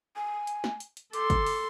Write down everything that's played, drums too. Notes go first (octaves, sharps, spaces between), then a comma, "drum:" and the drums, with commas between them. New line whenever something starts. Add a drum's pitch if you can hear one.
G#5
drum: hi-hat
drum: snare
drum: hi-hat
drum: hi-hat
A4 C6 D6, drum: hi-hat
drum: kick, hi-hat
drum: open hi-hat